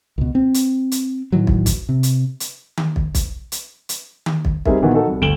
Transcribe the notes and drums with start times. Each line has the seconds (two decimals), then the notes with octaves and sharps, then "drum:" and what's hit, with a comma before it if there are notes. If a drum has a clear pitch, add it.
0.18 C#2 B2
0.35 C4
0.54 drum: hi-hat
0.92 drum: hi-hat
1.32 A2 D#3 E3 F#3
1.47 drum: kick
1.66 drum: kick, hi-hat
1.89 C3
2.03 drum: hi-hat
2.40 drum: hi-hat
2.77 drum: tom D#3
2.96 drum: kick
3.15 drum: kick, hi-hat
3.52 drum: hi-hat
3.89 drum: hi-hat
4.26 drum: tom D#3
4.45 drum: kick
4.66 G3 C4 D#4 G#4 A#4 E5, drum: kick
4.82 A#2 D#3 E3 B3 F#4
4.94 D#4 F#4 A4 A#4
5.07 C2
5.21 G1 D2 D7 E7 F#7 G7